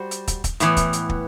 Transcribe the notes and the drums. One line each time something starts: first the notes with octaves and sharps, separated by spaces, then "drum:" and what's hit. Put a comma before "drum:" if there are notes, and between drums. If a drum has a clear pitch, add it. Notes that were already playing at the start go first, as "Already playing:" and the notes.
Already playing: G3 F#4 C5
drum: hi-hat
drum: kick, hi-hat
drum: kick, hi-hat
A2 E3 B3, drum: hi-hat
drum: kick, hi-hat
drum: hi-hat
drum: kick